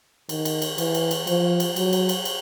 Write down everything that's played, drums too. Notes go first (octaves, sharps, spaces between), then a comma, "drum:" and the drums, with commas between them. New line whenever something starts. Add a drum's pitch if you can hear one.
D#3, drum: cymbal
drum: cymbal
drum: cymbal
E3, drum: cymbal
drum: cymbal
drum: cymbal
F3, drum: cymbal
drum: cymbal
F#3, drum: cymbal
drum: cymbal
drum: cymbal
drum: cymbal